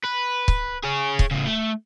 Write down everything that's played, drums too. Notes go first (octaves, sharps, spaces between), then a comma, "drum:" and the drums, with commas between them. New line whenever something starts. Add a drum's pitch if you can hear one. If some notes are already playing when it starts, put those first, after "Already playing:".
B4
drum: kick C#1
G#4 C#5
drum: kick C#1
A2 C#3
A3